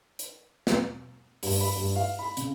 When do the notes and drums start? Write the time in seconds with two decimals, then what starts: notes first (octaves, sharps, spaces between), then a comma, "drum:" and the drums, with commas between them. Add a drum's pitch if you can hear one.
0.19 drum: hi-hat
0.67 drum: snare
1.43 G2, drum: open hi-hat
1.61 B5
1.77 G2
1.96 F5
2.19 B5
2.37 C#3, drum: hi-hat